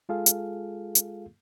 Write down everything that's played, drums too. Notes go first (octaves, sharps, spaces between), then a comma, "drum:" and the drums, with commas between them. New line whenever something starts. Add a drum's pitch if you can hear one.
G#3 F4 G#4 A4 F5
drum: hi-hat
drum: hi-hat